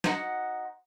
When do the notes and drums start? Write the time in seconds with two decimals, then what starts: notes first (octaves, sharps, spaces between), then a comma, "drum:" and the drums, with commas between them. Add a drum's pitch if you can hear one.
0.04 D#4 F#4 C5 F#5, drum: snare